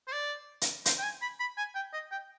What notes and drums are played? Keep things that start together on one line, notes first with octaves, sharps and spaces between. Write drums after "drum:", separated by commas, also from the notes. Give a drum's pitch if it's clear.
C5
D5
drum: hi-hat
C5, drum: hi-hat
G5
G#5
B5
B5
G#5
G5
D#5
G5